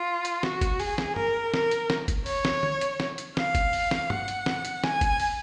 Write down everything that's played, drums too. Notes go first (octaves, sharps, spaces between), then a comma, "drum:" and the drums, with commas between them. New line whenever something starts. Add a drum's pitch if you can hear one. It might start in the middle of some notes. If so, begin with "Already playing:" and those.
Already playing: F4
drum: hi-hat
F#4, drum: snare
drum: kick G1, hi-hat
G#4, drum: open hi-hat
drum: snare
A#4, drum: tom
A#4, drum: snare
drum: hi-hat
drum: snare
drum: kick G1, hi-hat
C#5, drum: open hi-hat
drum: snare
drum: tom
drum: hi-hat
drum: snare
drum: hi-hat
F5, drum: snare
drum: kick G1, hi-hat
drum: open hi-hat
drum: snare
F#5, drum: tom G2
drum: hi-hat
drum: snare
drum: hi-hat
G#5, drum: snare
drum: kick G1, hi-hat
drum: open hi-hat